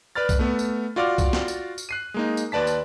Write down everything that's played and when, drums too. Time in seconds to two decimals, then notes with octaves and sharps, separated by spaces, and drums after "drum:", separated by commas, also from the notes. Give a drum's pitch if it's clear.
0.15 B4 D5 B5 F6 A6
0.29 drum: kick C2, tambourine
0.39 A3 B3
0.59 drum: tambourine
0.96 F4 F#4 D5 F5 D6 F6
1.18 drum: kick C2, tambourine
1.33 drum: snare
1.48 drum: tambourine
1.78 drum: tambourine
1.89 F#6 C7 D#7
2.14 G#3 A#3 D#4
2.37 drum: tambourine
2.52 D#2 B4 D5 A5 B6
2.67 drum: tambourine